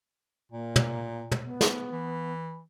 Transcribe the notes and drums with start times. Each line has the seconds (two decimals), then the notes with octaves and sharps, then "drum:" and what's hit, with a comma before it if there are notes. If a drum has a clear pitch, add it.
0.52 A#2 A#3
0.76 drum: tom
1.31 drum: tom
1.44 B3
1.61 drum: snare
1.92 E3